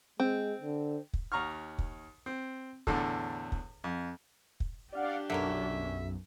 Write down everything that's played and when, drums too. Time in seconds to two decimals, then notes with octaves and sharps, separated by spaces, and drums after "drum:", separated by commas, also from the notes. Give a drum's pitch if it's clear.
0.20 G#3 C4
0.61 D3
1.14 drum: kick
1.32 D#2 A#5 C#6 F6
1.79 drum: kick
2.26 C4
2.87 E2 A2 D3 A4, drum: kick
3.52 drum: kick
3.84 F2
4.60 drum: kick
4.92 D4 G4 D5 F5 F#5
5.30 B1 F#2 D3 A#3 C#4 E5